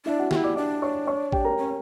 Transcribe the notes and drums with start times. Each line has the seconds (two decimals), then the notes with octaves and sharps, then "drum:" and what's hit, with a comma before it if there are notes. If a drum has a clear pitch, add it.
0.05 D4 E4 E5
0.19 F#4 F#5
0.31 E4 F#4 G4 G5, drum: snare
0.44 D5 D6
0.56 D4 D5 D6
0.82 C#5 C#6
1.07 C#5 C#6
1.32 G4 G5, drum: kick
1.45 A#4 A#5
1.58 C#4